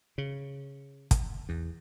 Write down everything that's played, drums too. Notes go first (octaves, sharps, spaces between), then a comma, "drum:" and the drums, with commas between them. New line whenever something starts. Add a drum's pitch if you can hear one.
C#3
drum: kick, hi-hat
E2